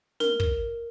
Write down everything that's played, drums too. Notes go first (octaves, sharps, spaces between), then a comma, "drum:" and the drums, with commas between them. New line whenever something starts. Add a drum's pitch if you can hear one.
A#4, drum: snare
drum: kick